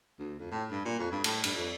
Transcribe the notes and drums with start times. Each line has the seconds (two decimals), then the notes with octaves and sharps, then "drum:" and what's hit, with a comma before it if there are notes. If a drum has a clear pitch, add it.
0.19 D2
0.39 F2
0.51 A2
0.71 G2
0.85 A#2
0.99 F2
1.12 G2
1.24 A2, drum: cymbal
1.44 G2, drum: cymbal
1.55 F2